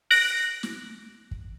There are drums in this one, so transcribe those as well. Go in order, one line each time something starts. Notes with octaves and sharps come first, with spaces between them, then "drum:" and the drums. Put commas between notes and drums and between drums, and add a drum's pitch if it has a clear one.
F#6 A#6 D7, drum: open hi-hat
drum: snare
drum: kick